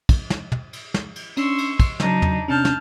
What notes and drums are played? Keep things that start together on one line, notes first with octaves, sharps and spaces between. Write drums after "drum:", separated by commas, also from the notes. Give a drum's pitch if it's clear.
drum: kick, cymbal
drum: snare
drum: tom
drum: cymbal
drum: snare
drum: cymbal
C#4 D4 C6 C#6 E6, drum: cymbal
drum: cymbal
drum: kick, cymbal
C#3 F#3 D4 D#4, drum: snare
drum: tom
C3 C#4 D4 A5 F6 G6
drum: snare